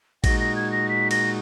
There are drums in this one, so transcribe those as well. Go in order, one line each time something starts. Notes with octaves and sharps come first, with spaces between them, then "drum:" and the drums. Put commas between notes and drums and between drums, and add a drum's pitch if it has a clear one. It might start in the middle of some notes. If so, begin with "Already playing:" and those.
A#2 G#3 D#4 F#4 A#6, drum: kick A1, cymbal
A#6
G#6
A#6
B6
A#6, drum: cymbal